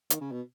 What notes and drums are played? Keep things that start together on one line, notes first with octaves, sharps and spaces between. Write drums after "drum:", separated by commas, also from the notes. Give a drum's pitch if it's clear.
D#3, drum: hi-hat
C#3
B2